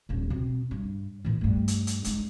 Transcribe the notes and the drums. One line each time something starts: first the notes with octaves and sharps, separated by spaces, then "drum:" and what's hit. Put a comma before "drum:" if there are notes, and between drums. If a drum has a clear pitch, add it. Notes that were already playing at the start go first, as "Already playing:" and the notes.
D#1 A#1
B2 C4
G2
A#2 E3
G2 A3
drum: hi-hat
drum: hi-hat
G#3 D#4, drum: hi-hat